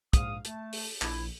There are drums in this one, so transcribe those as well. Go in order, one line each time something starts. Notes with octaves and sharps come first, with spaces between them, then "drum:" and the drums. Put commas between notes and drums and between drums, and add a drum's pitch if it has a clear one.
A#1 G#2 F5 D#6, drum: kick, hi-hat
A3 A5, drum: hi-hat
drum: open hi-hat
A#1 E4, drum: clap